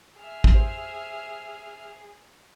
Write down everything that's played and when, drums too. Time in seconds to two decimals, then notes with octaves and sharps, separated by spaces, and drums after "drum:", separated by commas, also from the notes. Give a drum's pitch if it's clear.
0.19 G#4 E5 F6
0.44 drum: kick
0.54 G4 C5